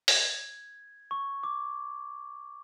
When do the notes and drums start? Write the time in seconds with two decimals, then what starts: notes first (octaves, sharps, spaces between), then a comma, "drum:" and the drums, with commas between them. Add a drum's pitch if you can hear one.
0.08 G#6, drum: open hi-hat
1.11 C#6
1.43 D6